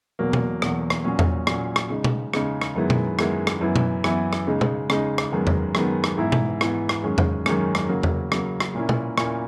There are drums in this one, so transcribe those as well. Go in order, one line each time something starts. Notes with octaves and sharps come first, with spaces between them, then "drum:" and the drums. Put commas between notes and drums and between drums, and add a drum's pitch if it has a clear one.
E2 B2 F#3 A#3
drum: tom B2
E2 B2 F#3 A#3, drum: rim click
drum: rim click
A#2 F#3 C#4
drum: tom E2
A#2 F#3 C#4, drum: rim click
drum: rim click
C#3 G#3 D#4
drum: tom B2
C#3 G#3 D#4, drum: rim click
drum: rim click
F#2 D#3 G#3 B3 E4
drum: tom B2
F#2 D#3 G#3 B3 E4, drum: rim click
drum: rim click
F#2 E3 B3 E4
drum: tom B2
F#2 E3 B3 E4, drum: rim click
drum: rim click
C#3 G#3 D#4
drum: tom B2
C#3 G#3 D#4, drum: rim click
drum: rim click
F#2 D#3 G#3 B3
drum: tom E2
F#2 D#3 G#3 B3, drum: rim click
drum: rim click
G#2 E3 B3 E4
drum: tom B2
G#2 E3 B3 E4, drum: rim click
drum: rim click
F#2 D#3 G#3 C#4
drum: tom E2
F#2 D#3 G#3 C#4, drum: rim click
drum: rim click
C#3 F#3 A#3
drum: tom E2
C#3 F#3 A#3, drum: rim click
drum: rim click
A#2 A#3 C#4 E4
drum: tom B2
A#2 A#3 C#4 E4, drum: rim click